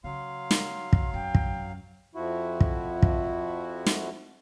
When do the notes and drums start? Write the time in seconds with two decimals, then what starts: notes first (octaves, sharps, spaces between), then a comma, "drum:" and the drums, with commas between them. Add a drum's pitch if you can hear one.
0.04 C#3 F#3 F5 C6
0.51 drum: snare
0.93 drum: kick
1.14 F#2 G5
1.35 drum: kick
2.15 F2 F3 E4 F#4
2.61 drum: kick
3.02 drum: kick
3.86 drum: snare